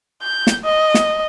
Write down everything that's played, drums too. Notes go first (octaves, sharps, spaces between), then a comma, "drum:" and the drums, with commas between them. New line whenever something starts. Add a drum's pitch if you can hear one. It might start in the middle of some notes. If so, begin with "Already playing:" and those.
G6
drum: snare
D#5
drum: snare